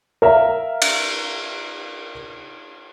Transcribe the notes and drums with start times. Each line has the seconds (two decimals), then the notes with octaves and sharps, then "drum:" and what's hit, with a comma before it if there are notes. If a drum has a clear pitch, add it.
0.22 A#4 E5 F5 A#5
0.82 drum: cymbal